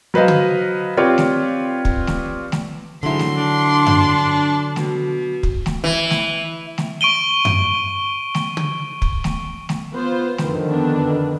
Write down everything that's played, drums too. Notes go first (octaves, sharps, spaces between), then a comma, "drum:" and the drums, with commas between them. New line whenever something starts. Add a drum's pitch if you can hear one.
F#3 B4 C5 D#5 F5
drum: tom
C4 F4 G4 B4 C#5 D5
drum: snare A3
drum: kick
drum: snare A3
drum: snare A3
G#2 D3 F#3 E4 C6
drum: snare A3
D4
drum: tom F#2
B2, drum: snare A3
drum: kick
drum: snare A3
E3
drum: snare A3
drum: snare A3
C#6 D7 D#7 G7
drum: tom F#2
drum: snare A3
drum: tom
drum: kick
drum: snare A3
drum: snare A3
B3 F4 C5
F2 D3 D#3, drum: snare A3
B3 D4